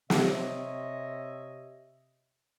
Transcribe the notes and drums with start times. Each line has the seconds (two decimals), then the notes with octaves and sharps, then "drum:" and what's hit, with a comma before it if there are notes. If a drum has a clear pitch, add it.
0.10 C3 C4 C#5 D#5 E5, drum: snare